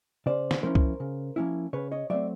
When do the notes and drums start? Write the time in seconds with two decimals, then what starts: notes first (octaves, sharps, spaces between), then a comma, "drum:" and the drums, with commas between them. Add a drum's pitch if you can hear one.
0.26 C#3 C5 D5
0.51 drum: snare
0.63 F3 A#3 C#4 E4 A#4 C5
0.75 drum: kick C2
1.00 C#3
1.36 F3 A#3 C#4 E4
1.73 C#3 B4 C#5
1.92 C#5 D#5
2.10 F#3 A3 C4 D5 E5